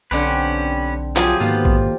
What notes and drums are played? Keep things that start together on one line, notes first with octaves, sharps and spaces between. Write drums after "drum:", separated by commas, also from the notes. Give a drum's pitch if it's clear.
B1 D3 C4 C#4 G4 B4
F3 F#3 F4 G4 G#4, drum: clap
G#2 D#3 A#3 B3 F4 A4 C5 F5
drum: kick